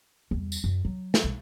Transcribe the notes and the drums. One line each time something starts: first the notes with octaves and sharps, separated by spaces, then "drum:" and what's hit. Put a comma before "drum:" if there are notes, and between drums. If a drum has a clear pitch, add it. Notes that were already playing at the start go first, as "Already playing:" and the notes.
E2 G3
drum: tambourine
F#2
F#3
drum: snare
B1